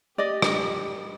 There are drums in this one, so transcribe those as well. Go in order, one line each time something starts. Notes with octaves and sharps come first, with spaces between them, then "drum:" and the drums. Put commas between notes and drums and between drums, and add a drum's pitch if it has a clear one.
G4 D5 D#5
drum: rim click